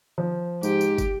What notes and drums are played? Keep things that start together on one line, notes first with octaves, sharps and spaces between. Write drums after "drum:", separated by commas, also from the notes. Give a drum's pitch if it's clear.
F3
G#2 G4, drum: tambourine
drum: tambourine
drum: kick, tambourine